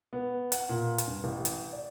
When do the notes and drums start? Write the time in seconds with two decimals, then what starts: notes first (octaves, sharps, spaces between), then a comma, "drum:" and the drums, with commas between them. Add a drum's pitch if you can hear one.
0.13 B3
0.52 F#5, drum: hi-hat
0.69 A#2
0.98 drum: hi-hat
1.07 G2
1.24 A1
1.45 drum: hi-hat
1.73 D5